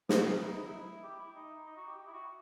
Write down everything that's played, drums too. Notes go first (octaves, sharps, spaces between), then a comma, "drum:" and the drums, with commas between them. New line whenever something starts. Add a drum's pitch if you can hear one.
B3, drum: snare
C4
D#4
E4
D#4
E4
G4
E4
D#4
D#4
F#4
G4
G4
E4
F#4